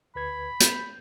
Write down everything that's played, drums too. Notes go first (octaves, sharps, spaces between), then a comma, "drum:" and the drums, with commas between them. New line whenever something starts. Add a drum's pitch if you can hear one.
D2 B4 B5 G#6
G6, drum: hi-hat